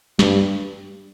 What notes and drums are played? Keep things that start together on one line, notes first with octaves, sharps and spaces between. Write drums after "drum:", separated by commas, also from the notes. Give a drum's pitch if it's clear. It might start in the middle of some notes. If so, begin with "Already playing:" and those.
G2, drum: snare